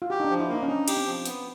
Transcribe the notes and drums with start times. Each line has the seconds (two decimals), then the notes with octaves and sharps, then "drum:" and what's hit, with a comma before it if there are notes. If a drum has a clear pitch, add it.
0.02 F4
0.10 F#4 G4
0.20 D#4
0.25 D4
0.30 F3
0.40 E4
0.49 A#3 D#4
0.63 C#4
0.68 D4 D#4
0.88 G4, drum: cymbal
0.97 C4
1.06 F3
1.26 B3, drum: hi-hat